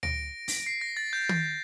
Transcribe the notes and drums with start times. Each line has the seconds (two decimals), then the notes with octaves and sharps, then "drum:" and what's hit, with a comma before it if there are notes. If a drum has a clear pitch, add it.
0.03 A#6 D7, drum: tom D2
0.48 drum: open hi-hat
0.66 C7
0.81 A#6
0.97 A6
1.13 G6
1.29 drum: tom